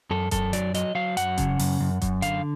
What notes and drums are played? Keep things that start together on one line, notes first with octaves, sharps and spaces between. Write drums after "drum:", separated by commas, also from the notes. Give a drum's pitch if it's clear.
F#2 A4
F#2 A4, drum: kick E1, hi-hat
F#3 D5, drum: hi-hat
F#3 D#5, drum: hi-hat
F#3 F5
F#2 F#5, drum: hi-hat
C#3, drum: kick E1, hi-hat
F#2, drum: open hi-hat
F#2
F#2, drum: kick E1, hi-hat
D3 F5, drum: hi-hat